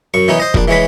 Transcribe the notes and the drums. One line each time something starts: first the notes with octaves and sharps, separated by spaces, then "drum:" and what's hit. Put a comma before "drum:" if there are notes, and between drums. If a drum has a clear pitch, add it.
F#2 C#6
E3 B3 D#4 C#5
C5 D#5
A#1 D4, drum: kick
E3 G#3 C#5 B5